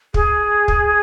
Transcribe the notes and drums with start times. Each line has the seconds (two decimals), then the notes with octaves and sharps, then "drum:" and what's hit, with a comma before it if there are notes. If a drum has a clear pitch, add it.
0.14 G#4, drum: kick
0.68 drum: kick